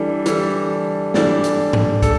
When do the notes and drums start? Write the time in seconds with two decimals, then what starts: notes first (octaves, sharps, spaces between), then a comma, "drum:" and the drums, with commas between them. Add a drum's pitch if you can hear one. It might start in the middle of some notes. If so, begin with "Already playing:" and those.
Already playing: E3 G3 D4 A4
0.26 E3 G3 D4 A4, drum: hi-hat
1.14 E3 G3 D4 A4, drum: snare
1.44 drum: hi-hat
1.73 drum: tom G#2
2.02 A4, drum: kick, hi-hat